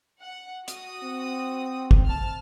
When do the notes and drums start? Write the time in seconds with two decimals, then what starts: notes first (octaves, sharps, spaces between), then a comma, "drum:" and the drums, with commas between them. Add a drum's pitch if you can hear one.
0.21 F#5
0.68 F#4 D#6, drum: hi-hat
1.03 C4
1.91 drum: kick
2.06 A5 F6